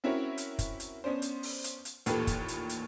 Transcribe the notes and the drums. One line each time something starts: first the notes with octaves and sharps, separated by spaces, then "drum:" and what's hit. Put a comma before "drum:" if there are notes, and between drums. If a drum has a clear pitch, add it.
C4 C#4 E4 F#4 A#4 C#5
drum: hi-hat
drum: kick, hi-hat
drum: hi-hat
B3 C#4 D4 C5
drum: hi-hat
drum: open hi-hat
drum: hi-hat
drum: hi-hat
A1 D#2 A#2 G4 A4 B4, drum: hi-hat
drum: kick, hi-hat
drum: hi-hat
drum: hi-hat